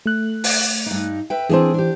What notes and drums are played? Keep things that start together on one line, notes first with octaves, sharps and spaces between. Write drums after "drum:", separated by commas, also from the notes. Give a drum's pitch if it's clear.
A3 F#6
drum: open hi-hat
G2 D#4
B4 E5 G5
E3 C4 D4 G#4 C5
D4 G4